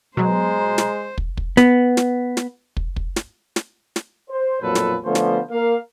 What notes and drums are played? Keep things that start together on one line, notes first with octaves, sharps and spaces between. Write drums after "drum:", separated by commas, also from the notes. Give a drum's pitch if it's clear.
B2 F#3 G#3 C5 A#5
drum: snare
drum: kick
drum: kick
B3, drum: snare
drum: snare
drum: snare
drum: kick
drum: kick
drum: snare
drum: snare
drum: snare
C5
B1 F2 A#2 F#3 A4 B4
drum: snare
D3 F3 A3 B3 C#4 C5
drum: snare
A#3 A#4 F5